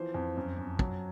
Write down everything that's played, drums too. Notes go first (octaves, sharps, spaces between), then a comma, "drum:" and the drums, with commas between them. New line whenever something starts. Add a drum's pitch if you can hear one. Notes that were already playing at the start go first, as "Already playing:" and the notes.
Already playing: E3 F3 C5
F2
F#2
F#2
F#3, drum: kick